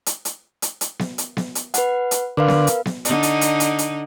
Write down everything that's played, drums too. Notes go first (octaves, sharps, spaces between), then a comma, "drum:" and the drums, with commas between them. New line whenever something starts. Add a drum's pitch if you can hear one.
drum: hi-hat
drum: hi-hat
drum: hi-hat
drum: hi-hat
drum: snare B3
drum: hi-hat
drum: snare B3
drum: hi-hat
B4 F#5, drum: hi-hat
drum: hi-hat
D3 A#4 B4 F5
drum: snare B3
drum: hi-hat
drum: snare B3
D3 D#4, drum: hi-hat
drum: hi-hat
drum: hi-hat
drum: hi-hat
drum: hi-hat